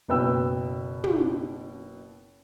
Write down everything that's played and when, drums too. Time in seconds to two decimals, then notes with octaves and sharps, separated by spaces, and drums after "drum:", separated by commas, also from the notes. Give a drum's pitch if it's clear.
0.08 F#1 B2 B4 G5 E6
1.04 drum: tom